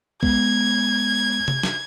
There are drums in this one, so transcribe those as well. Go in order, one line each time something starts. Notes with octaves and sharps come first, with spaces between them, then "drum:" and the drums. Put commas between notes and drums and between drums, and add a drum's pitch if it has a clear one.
G#3 B3 G#6, drum: kick
drum: tom C3
drum: snare